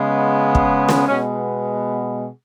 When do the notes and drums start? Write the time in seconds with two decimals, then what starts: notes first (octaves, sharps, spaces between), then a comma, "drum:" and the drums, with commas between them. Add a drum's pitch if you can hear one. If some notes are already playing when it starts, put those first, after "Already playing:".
Already playing: C#3 G#3 B3
0.55 drum: kick
0.89 drum: snare
1.07 B2 G#3 B3 C#4